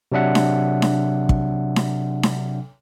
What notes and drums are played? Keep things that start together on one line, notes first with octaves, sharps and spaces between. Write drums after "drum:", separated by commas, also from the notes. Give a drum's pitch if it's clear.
C3 F#3 D4 E5 F#5
drum: snare D4
drum: snare D4
drum: kick
drum: snare D4
drum: snare D4